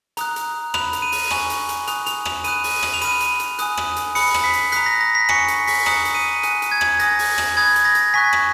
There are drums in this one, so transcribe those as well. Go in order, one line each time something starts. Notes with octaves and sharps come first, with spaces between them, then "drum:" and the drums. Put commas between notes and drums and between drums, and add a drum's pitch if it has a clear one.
A#5 D#6 F#6, drum: hi-hat
drum: hi-hat
B5 F#6 F7, drum: rim click
drum: hi-hat
D#7
drum: open hi-hat
G#5 C#6 F#6, drum: rim click
drum: hi-hat
drum: hi-hat
G#5 D#6 F#6 F7, drum: hi-hat
F7, drum: hi-hat
F7, drum: rim click
B5 D#6 F#6 D#7, drum: hi-hat
drum: open hi-hat
D#7
drum: rim click
F7
B5 F6 D#7, drum: hi-hat
drum: hi-hat
drum: hi-hat
G#5 D#6 F#6, drum: hi-hat
drum: rim click
drum: hi-hat
B5 D#6 F#6 C#7, drum: open hi-hat
drum: rim click
B6
drum: hi-hat
A#5 D#6 F#6 B6, drum: hi-hat
A#6
A#6
B6
G#5 C#6 F#6 C#7, drum: rim click
drum: hi-hat
B6, drum: open hi-hat
A#5 D#6 F#6 C#7, drum: rim click
drum: hi-hat
D#7
G#5 D#6 F#6 D#7, drum: hi-hat
drum: hi-hat
G#6
drum: rim click
G#5 D#6 F#6 A#6, drum: hi-hat
drum: open hi-hat
drum: rim click
B5 D#6 F#6 G#6
drum: hi-hat
A#6
drum: hi-hat
G#5 C#6 F#6 B6
drum: rim click